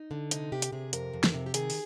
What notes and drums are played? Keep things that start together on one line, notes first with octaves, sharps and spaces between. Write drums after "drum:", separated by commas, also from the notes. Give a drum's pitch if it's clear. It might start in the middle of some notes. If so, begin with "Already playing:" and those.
Already playing: D#4
D3
C3 D#4, drum: hi-hat
C3 G4
drum: hi-hat
C3 G#4
F2 A#4, drum: hi-hat
F2
drum: snare
C3
G4
D#3 G#4, drum: hi-hat
drum: open hi-hat